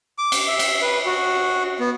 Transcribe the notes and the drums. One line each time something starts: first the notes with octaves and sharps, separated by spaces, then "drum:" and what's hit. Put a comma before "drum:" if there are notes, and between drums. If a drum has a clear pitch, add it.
D6
drum: cymbal
E5
drum: cymbal
B4
F#4
B3